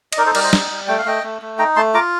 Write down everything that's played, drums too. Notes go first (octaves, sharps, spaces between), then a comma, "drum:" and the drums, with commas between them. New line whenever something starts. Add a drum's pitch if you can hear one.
D#5, drum: cymbal
D#4 A#4 D5
A4 C5
G3 A#4 D5, drum: cymbal
C5 D#5
D#4, drum: snare
G3
A3 G5
F5
A3 D#5 G5
A3
A3
D#4 G5 A#5
A3 A5 C6
F4 A#5 D6